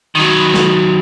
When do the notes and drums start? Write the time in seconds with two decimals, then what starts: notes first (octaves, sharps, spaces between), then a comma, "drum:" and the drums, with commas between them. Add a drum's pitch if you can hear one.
0.15 D#3 F#3
0.54 drum: snare